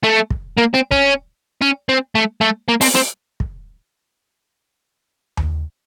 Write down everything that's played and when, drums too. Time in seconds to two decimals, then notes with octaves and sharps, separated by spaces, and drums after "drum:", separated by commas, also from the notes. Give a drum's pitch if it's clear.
0.04 A3
0.30 drum: kick
0.57 A#3
0.74 C4
0.91 C#4, drum: kick
1.62 C#4
1.89 C4
2.15 A3
2.41 A3
2.68 A#3
2.81 C4, drum: open hi-hat
2.95 C4, drum: rim click
3.40 drum: kick
5.37 drum: tom D#2